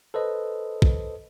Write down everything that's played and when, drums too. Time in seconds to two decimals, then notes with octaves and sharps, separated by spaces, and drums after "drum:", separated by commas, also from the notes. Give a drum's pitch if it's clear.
0.14 A4 B4 C5 D#5
0.82 drum: kick